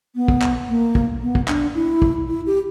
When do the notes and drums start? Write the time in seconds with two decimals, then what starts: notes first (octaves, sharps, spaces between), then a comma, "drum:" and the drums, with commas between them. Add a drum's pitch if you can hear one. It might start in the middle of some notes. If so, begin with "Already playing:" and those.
0.15 B3
0.28 drum: kick
0.42 drum: clap
0.68 A#3
0.95 drum: kick
1.22 B3
1.35 drum: kick
1.48 D4, drum: clap
1.75 E4
2.02 drum: kick
2.28 E4
2.46 G4